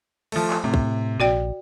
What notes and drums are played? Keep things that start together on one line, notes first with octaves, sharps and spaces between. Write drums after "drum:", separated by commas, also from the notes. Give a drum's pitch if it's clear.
F3 A3, drum: cymbal
drum: clap
A2 C3
drum: kick
A#1 F#4 D5 G5